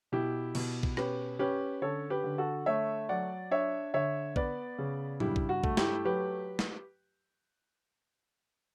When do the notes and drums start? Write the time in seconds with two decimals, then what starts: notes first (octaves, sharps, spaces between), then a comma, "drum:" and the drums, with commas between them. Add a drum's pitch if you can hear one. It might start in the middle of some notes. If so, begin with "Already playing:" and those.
0.12 B2 E4 G4
0.55 B2, drum: cymbal
0.83 drum: kick A#1
0.97 C#4 G4 B4, drum: rim click
1.39 C#4 G4 B4
1.81 D3 A4 C#5
2.10 G4 B4
2.24 D3
2.38 F#4 A4
2.66 A3 C#5 E5
3.09 F#3 D5 F#5
3.51 D4 C#5 E5
3.94 D3 C#5 E5
4.36 B3 B4 D5, drum: kick A#1
4.78 C#3
5.20 G2 E4 G4, drum: tom
5.36 drum: kick A#1
5.49 F#4
5.64 A3, drum: kick A#1
5.77 E4 G4, drum: snare
6.05 F#3 G4 B4
6.59 drum: snare